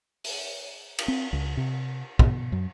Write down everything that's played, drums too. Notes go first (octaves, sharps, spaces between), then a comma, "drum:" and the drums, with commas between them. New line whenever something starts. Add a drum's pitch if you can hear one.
drum: open hi-hat
drum: cymbal
C4
C#2
C3
B2, drum: kick
F#2